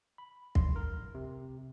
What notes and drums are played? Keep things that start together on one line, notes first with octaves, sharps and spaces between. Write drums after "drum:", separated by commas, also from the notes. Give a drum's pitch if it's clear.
B5
C6, drum: kick
A#4
C3